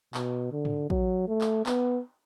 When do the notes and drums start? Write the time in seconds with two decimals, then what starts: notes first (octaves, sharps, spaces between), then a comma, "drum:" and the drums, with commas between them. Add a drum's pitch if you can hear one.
0.14 B2, drum: clap
0.52 D3
0.65 drum: tom G#2
0.90 F#3, drum: kick
1.28 A3
1.41 drum: clap
1.66 B3, drum: clap